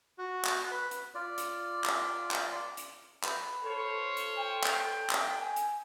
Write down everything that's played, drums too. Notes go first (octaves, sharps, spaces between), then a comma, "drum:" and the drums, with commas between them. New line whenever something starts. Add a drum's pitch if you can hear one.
F#4
drum: clap
B4
drum: hi-hat
F4 D5
drum: hi-hat
drum: clap
drum: clap
drum: hi-hat
B4, drum: clap
F4 A4 C5 C#5
drum: hi-hat
G5
drum: clap
drum: clap
G#5
drum: hi-hat